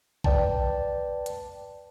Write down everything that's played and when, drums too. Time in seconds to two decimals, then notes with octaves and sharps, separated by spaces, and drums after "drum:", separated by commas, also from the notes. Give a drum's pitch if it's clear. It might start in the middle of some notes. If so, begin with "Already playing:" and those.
0.24 B4 D5 G5 A5, drum: kick A#1
1.26 drum: hi-hat